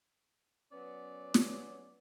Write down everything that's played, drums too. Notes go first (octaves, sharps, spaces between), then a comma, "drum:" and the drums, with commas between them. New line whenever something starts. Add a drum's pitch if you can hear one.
F#3 B3 C#4 D5
drum: snare